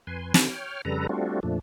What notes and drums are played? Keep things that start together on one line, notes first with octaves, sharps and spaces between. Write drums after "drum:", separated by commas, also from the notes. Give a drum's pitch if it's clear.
F2 B4 G#5 C6
D3, drum: snare
C#5 G5 F6
F2 C#3 G3 A4 B4 A#5
G3 A3 C4 D4 F4 F#4
F2 A#2 F3 A3 D4